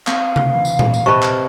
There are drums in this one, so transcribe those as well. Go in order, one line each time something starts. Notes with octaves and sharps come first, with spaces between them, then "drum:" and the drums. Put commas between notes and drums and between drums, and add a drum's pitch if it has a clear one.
C4 F5 F#5 D#6, drum: clap
drum: tom C3
E3
drum: tambourine
drum: tom A#2
drum: tambourine
C3 B4 D#5 A5 B5 C#6
drum: clap